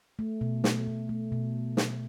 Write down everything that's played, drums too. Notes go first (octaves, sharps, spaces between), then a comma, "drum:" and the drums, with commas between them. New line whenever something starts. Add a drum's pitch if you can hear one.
A3
B2
A3, drum: snare
B2
A3
B2
drum: snare